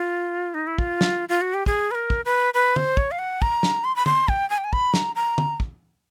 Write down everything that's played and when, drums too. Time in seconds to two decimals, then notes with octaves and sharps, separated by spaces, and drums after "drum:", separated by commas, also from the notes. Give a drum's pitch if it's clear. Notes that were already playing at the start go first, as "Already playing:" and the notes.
Already playing: F4
0.54 D#4
0.67 E4
0.78 F4, drum: kick
1.01 drum: snare
1.29 F4
1.41 F#4
1.54 G4
1.66 G#4, drum: kick
1.91 B4
1.95 A#4
2.10 drum: kick
2.25 B4
2.54 B4
2.76 C5, drum: tom
2.97 C#5, drum: kick
3.11 F5
3.19 F#5
3.42 A#5, drum: kick
3.63 drum: snare
3.84 C6
3.96 B5
4.06 C6, drum: tom
4.28 G5, drum: kick
4.50 G#5
4.58 G5
4.64 G#5
4.73 B5, drum: kick
4.94 A#5, drum: snare
5.15 A#5
5.38 drum: tom
5.60 drum: kick